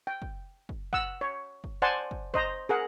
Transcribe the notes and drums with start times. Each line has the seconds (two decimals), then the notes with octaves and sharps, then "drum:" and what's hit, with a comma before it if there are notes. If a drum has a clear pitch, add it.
0.07 G5
0.22 drum: kick
0.69 drum: kick
0.93 F#5 E6, drum: kick
1.21 C#5
1.64 drum: kick
1.82 C5 D5 F#5 G#5 A5 C6
2.11 drum: kick
2.34 C5 D#5 A#5, drum: kick
2.69 G#4 A#4 F#5